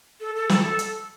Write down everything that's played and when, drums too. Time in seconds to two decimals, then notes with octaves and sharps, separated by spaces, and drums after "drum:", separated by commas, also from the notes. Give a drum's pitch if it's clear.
0.21 A4
0.35 A4
0.49 A4, drum: snare
0.79 drum: hi-hat